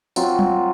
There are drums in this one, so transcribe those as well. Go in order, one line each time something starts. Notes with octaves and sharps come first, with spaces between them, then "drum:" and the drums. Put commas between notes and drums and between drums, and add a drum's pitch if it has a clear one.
F#3 C4 F4, drum: tambourine
drum: tom F#3